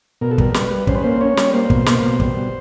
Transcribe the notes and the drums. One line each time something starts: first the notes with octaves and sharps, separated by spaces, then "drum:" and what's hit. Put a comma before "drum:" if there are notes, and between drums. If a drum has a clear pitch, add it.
B2 A#4
A4
G3 A#4, drum: kick
G3 B4, drum: snare
G3
C#4 C5, drum: kick
B4
A#3 C5
C#4 C#5
G3, drum: snare
A#3 C5
B2, drum: kick
A#3, drum: snare
B2
G3, drum: kick
B2